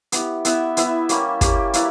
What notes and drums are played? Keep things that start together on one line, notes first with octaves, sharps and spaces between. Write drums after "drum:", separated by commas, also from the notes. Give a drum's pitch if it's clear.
B3 E4 G4, drum: hi-hat
B3 E4 B4 E5, drum: hi-hat
B3 E4 B4 E5, drum: hi-hat
G3 A#3 C#4 G4, drum: hi-hat
G3 A#3 C#4 G4, drum: kick, hi-hat
A#3 E4 B4 D5, drum: hi-hat